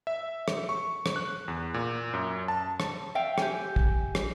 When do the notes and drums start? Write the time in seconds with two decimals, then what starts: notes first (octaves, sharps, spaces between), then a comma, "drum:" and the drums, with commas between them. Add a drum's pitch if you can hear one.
0.07 E5
0.48 drum: rim click
0.69 C#6
1.06 drum: rim click
1.16 F#6
1.48 E2
1.74 A#2
2.14 F#2
2.48 A5
2.80 drum: rim click
3.15 E5 F5 G5
3.38 G4 G#5, drum: rim click
3.76 drum: kick
4.15 drum: rim click